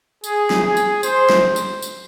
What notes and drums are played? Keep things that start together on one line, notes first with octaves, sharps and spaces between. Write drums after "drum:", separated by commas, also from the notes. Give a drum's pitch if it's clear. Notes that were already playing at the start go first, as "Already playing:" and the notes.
G#4, drum: tambourine
drum: snare
G#4
drum: tambourine
C5, drum: tambourine
drum: snare
drum: tambourine
drum: tambourine